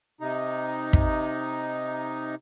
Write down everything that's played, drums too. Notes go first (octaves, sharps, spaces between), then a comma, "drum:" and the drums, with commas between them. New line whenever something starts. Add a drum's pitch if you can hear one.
C3 D#4
drum: kick